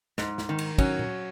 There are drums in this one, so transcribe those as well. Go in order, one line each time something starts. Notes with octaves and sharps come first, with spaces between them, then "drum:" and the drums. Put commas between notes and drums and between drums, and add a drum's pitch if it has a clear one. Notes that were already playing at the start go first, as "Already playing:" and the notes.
G#2, drum: snare
drum: snare
D#3
drum: cymbal
F#3 C#4, drum: kick, cymbal
drum: tom A#2